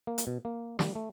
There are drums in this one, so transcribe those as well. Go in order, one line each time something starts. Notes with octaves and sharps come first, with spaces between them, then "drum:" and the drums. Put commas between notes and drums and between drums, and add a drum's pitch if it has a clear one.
A#3
drum: hi-hat
B2
A#3
G3, drum: snare
A3